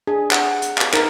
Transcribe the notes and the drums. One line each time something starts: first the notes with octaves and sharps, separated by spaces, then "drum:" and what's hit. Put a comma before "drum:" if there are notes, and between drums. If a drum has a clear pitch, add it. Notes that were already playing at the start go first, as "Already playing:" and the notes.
D4 G#4
F#5, drum: clap
drum: hi-hat
F5 D6 F6, drum: clap
D#4 A#4 B4, drum: clap